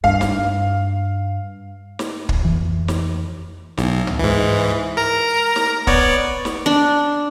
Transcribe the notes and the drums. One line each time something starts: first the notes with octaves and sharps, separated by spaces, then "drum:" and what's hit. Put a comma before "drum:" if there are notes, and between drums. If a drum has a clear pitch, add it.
G2 F5
drum: snare
drum: snare
drum: kick
F2 E3
drum: snare
B1, drum: snare
drum: tom
G#2 E3
A#4 A#5
drum: snare
B3 C#5 D5, drum: kick
drum: snare
D4